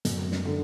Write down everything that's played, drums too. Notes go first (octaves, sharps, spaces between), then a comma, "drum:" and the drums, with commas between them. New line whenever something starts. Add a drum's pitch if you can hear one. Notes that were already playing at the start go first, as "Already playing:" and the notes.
F#2, drum: hi-hat
drum: snare
D3